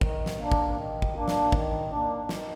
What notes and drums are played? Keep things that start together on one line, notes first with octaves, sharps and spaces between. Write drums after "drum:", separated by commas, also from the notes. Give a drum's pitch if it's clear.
D#3, drum: kick
drum: snare
A#3 D4
drum: kick
D#3
drum: kick
A#3 D4
drum: snare
D#3, drum: kick
D4
A#3
D#3, drum: snare